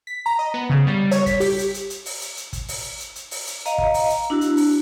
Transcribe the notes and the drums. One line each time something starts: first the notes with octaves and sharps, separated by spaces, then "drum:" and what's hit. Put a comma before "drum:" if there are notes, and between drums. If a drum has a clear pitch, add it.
B6
A#5
D#5
B3
C#3
G3
C#5, drum: hi-hat
B6, drum: kick, hi-hat
G4, drum: open hi-hat
drum: hi-hat
drum: hi-hat
drum: hi-hat
drum: open hi-hat
drum: hi-hat
drum: hi-hat
drum: kick, hi-hat
drum: open hi-hat
drum: hi-hat
drum: hi-hat
drum: open hi-hat
drum: hi-hat
D#5 F5 A#5, drum: hi-hat
drum: kick
drum: open hi-hat
drum: hi-hat
D4 E4 F#4
drum: hi-hat
drum: open hi-hat